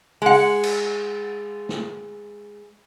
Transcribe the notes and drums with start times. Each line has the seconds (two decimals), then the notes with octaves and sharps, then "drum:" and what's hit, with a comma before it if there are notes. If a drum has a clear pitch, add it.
0.22 G#3 F#5
0.33 drum: open hi-hat
0.63 drum: cymbal
1.69 drum: snare